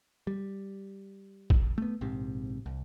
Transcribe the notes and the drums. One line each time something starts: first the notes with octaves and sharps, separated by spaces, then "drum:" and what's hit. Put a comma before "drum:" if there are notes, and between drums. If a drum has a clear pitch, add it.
G3
drum: kick A1
A3 B3
A#1 G#2 C3
C2